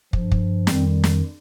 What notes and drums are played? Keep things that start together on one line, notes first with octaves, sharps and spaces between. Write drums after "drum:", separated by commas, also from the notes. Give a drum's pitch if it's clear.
G2 F3, drum: kick
drum: kick
F2 D#3 G3 C4, drum: snare
drum: snare